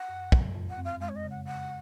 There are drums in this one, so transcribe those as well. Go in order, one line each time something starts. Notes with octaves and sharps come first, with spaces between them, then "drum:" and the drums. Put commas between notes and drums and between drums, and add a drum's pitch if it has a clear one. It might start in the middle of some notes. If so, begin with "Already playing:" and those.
Already playing: F#5
F#2
F#2, drum: kick
F2
F#5
C4
F5
G#3 F5
C#5
D#5
C#3
F#5
C#3 F#5